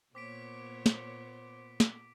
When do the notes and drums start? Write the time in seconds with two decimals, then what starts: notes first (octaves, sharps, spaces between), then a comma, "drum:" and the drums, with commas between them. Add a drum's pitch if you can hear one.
0.15 A#2 A#3 B3 C5 C#5 D6 B6 D7
0.86 drum: snare
1.80 drum: snare